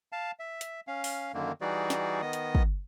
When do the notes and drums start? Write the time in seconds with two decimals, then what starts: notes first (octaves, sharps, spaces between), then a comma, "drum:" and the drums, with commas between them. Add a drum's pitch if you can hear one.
0.12 F5 A5
0.39 E5
0.61 drum: hi-hat
0.87 C#4 F5
1.04 drum: open hi-hat
1.34 F#2 D3 D#3 A#3
1.61 E3 G3 D#4 F#4 G#4 D5
1.90 drum: snare
2.22 D#3 B3 D#5 D#6
2.33 drum: hi-hat
2.55 drum: kick